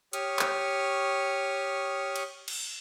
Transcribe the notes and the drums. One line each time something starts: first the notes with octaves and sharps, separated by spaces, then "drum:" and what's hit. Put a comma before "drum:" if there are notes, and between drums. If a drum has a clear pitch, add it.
G4 C#5 C#6 D#6 F6, drum: hi-hat
drum: clap
drum: cymbal
drum: cymbal